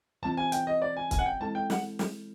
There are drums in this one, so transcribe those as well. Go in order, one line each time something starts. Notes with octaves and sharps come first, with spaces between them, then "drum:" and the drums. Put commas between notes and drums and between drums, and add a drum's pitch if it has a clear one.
E3 G3 C4 F4 A5
G#5
G5, drum: hi-hat
D#5
D5
G#5
G#5, drum: kick C#1, hi-hat
F#5
G5
G#3 C4 E4 A4 A5
G5
F#5, drum: snare
drum: snare